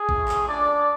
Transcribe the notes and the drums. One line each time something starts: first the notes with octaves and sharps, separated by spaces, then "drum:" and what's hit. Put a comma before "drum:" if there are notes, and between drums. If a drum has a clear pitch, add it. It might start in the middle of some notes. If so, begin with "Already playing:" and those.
Already playing: G#4
A3 C#4 F4, drum: kick A1
drum: clap
D4 D5